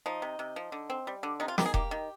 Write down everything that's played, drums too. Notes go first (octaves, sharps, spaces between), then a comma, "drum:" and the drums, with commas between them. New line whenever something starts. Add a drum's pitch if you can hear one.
F3 D#4
C3
C3
F3
D3
C4
G3
D3
C3 D#4
F4
D#3 G4, drum: snare
G#4
A#3 G4, drum: kick E1
D#3